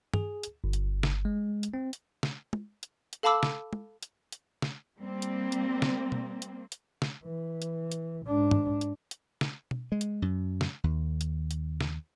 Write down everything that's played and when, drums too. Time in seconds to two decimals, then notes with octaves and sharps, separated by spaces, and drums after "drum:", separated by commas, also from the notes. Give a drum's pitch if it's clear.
0.14 G#4, drum: tom G2
0.43 drum: hi-hat
0.64 G1
0.73 drum: hi-hat
1.03 drum: snare
1.25 G#3
1.63 drum: hi-hat
1.74 C4
1.93 drum: hi-hat
2.23 drum: snare
2.53 drum: tom
2.83 drum: hi-hat
3.13 drum: hi-hat
3.23 A4 F5 A5 B5 D6 E6
3.43 drum: snare
3.73 drum: tom
4.03 drum: hi-hat
4.32 drum: hi-hat
4.62 drum: snare
4.98 G3 A#3 C4
5.22 drum: hi-hat
5.52 drum: hi-hat
5.82 drum: snare
6.12 drum: tom B2
6.42 drum: hi-hat
6.72 drum: hi-hat
7.02 drum: snare
7.24 E3
7.62 drum: hi-hat
7.92 drum: hi-hat
8.27 G#2 D4
8.51 drum: tom G2
8.81 drum: hi-hat
9.11 drum: hi-hat
9.41 drum: snare
9.71 drum: tom B2
9.92 G#3
10.01 drum: hi-hat
10.22 F#2
10.61 drum: snare
10.84 D#2
11.21 drum: hi-hat
11.51 drum: hi-hat
11.81 drum: snare